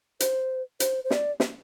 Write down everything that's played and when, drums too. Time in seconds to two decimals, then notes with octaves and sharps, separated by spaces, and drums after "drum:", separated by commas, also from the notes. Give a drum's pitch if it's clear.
0.20 C5, drum: hi-hat
0.80 C5, drum: hi-hat
1.04 C5
1.11 D5, drum: snare
1.40 drum: snare